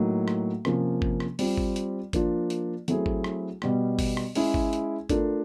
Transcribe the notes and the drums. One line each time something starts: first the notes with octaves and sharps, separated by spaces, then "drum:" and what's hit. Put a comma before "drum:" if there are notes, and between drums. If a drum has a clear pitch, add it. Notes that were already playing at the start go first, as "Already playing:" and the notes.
Already playing: A2 F#3 A#3 D#4
drum: rim click
C3 F3 A#3 C#4, drum: rim click
drum: kick G#1
drum: rim click
G3 C4 F4, drum: open hi-hat
drum: kick G#1
drum: hi-hat
F3 A#3 D4 F4, drum: kick G#1, hi-hat
drum: hi-hat
F#3 A3 C4 E4 G#4, drum: hi-hat
drum: kick G#1
drum: rim click
B2 G3 B3, drum: rim click
drum: kick G#1, open hi-hat
drum: rim click
G#3 C#4 E4 G#4, drum: open hi-hat
drum: kick G#1
drum: hi-hat
A3 D4 F4 A#4, drum: kick G#1, hi-hat